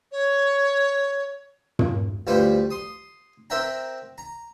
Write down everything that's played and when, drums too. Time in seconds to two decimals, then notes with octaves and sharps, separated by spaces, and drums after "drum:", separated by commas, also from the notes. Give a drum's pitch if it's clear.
0.12 C#5
1.79 drum: tom
2.27 D2 F3 G3 B4 C5
2.70 C6 D#6
3.50 C4 A#4 E5 F#5 G5 A#5
4.18 A#5